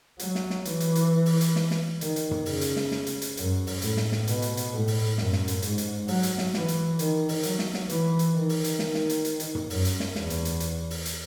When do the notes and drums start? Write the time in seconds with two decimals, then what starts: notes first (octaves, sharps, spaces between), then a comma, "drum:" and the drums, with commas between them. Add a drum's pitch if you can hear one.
0.19 F#3, drum: hi-hat
0.35 drum: snare
0.50 drum: snare
0.65 E3, drum: hi-hat
0.80 drum: hi-hat
0.95 drum: hi-hat
1.26 drum: open hi-hat
1.41 drum: hi-hat
1.56 drum: snare
1.71 drum: snare
2.01 D#3, drum: hi-hat
2.16 drum: hi-hat
2.31 drum: tom
2.46 C#3, drum: open hi-hat
2.61 drum: hi-hat
2.76 drum: snare
2.91 drum: snare
3.07 drum: hi-hat
3.22 drum: hi-hat
3.37 F#2, drum: hi-hat
3.67 drum: open hi-hat
3.82 A2, drum: hi-hat
3.97 drum: snare
4.12 drum: snare
4.28 B2, drum: hi-hat
4.42 drum: hi-hat
4.57 drum: hi-hat
4.73 A2
4.87 drum: open hi-hat
5.18 F#2, drum: snare
5.33 drum: snare
5.48 drum: hi-hat
5.62 G#2, drum: hi-hat
5.78 drum: hi-hat
6.08 F#3, drum: open hi-hat
6.23 drum: hi-hat
6.38 drum: snare
6.54 E3, drum: snare
6.68 drum: hi-hat
6.99 D#3, drum: hi-hat
7.29 drum: open hi-hat
7.43 F#3, drum: hi-hat
7.59 drum: snare
7.74 drum: snare
7.89 E3, drum: hi-hat
8.19 drum: hi-hat
8.34 D#3
8.49 drum: open hi-hat
8.64 drum: hi-hat
8.79 D#3, drum: snare
8.94 drum: snare
9.10 drum: hi-hat
9.25 drum: hi-hat
9.40 drum: hi-hat
9.55 drum: tom
9.70 F#2, drum: open hi-hat
9.85 drum: hi-hat
10.00 drum: snare
10.15 E2, drum: snare
10.30 drum: hi-hat
10.45 drum: hi-hat
10.60 drum: hi-hat
10.90 drum: open hi-hat
11.05 drum: hi-hat